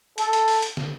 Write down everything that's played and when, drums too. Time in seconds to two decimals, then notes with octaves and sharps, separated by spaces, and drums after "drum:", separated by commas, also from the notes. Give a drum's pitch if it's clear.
0.18 A4, drum: hi-hat
0.33 drum: hi-hat
0.48 drum: open hi-hat
0.62 drum: hi-hat
0.77 drum: snare